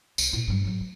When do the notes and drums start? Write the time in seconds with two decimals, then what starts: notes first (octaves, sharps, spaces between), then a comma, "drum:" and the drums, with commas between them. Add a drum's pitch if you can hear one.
0.18 C2, drum: tambourine
0.33 A#2 E4
0.48 G2 G3
0.65 G#2 F#3
0.80 A3